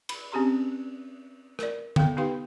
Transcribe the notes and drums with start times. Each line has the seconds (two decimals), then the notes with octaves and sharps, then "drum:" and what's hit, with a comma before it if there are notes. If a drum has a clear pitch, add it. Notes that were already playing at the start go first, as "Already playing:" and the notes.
0.09 B5, drum: cymbal
0.32 C4 C#4 G4 G#4 A#5 C6
1.59 A#4 D5, drum: rim click
1.96 B3 A4 F5 G5, drum: tom D3
2.17 B3 D#4 G4 B4 F5 C6